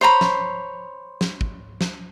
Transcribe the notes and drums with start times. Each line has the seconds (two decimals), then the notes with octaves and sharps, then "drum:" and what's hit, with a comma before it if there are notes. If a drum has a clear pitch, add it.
0.01 C5 C#5 A#5 B5
0.21 drum: snare
1.21 drum: snare
1.41 drum: kick
1.81 drum: snare